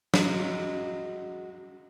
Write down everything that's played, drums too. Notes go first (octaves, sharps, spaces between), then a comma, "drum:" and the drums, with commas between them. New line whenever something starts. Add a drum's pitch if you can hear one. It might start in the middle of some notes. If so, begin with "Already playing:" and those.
F#3 G#3, drum: snare